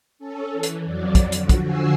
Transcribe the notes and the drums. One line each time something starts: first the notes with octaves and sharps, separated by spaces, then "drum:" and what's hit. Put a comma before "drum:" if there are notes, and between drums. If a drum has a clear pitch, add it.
C#4 A4
E3
drum: hi-hat
F2 F#3 D5
drum: kick, hi-hat
D3 F3 F#4, drum: hi-hat
drum: kick, hi-hat
D3 F3 F#4 G#5 E6 C7